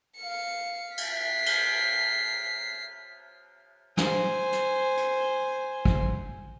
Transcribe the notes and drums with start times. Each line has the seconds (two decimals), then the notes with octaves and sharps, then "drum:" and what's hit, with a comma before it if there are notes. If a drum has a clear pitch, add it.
0.19 F5 C#7
0.98 B6 C7, drum: cymbal
1.46 drum: cymbal
3.97 C5 G#5, drum: snare
4.52 drum: hi-hat
4.97 drum: hi-hat
5.85 drum: kick